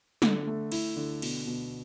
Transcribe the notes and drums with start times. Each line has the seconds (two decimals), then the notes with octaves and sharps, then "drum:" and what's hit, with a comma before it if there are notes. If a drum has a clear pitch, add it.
0.22 D3, drum: snare
0.47 A3
0.72 E4, drum: cymbal
0.96 D3
1.22 B2, drum: cymbal
1.47 B2